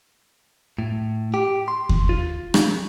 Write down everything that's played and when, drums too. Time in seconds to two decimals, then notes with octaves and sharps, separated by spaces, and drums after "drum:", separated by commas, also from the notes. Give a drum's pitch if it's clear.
0.79 A2
1.34 G4
1.68 C6
1.89 drum: kick D#2
2.09 F4
2.54 drum: rim click